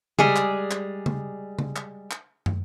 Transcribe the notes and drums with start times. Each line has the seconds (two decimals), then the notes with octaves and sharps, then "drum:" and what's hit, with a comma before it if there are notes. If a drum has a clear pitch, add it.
0.19 G3 G#3 G#4, drum: tom C#3
0.36 drum: clap
0.71 drum: clap
1.06 drum: tom C#3
1.59 drum: tom C#3
1.76 drum: clap
2.11 drum: clap
2.46 drum: tom